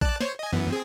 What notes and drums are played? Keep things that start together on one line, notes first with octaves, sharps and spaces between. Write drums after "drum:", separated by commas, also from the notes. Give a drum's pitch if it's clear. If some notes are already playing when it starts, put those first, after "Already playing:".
D5 A5 F#6, drum: kick A#1
C5 C#5, drum: snare
D#5 G#5
F#2 E3 B3
C4 G#4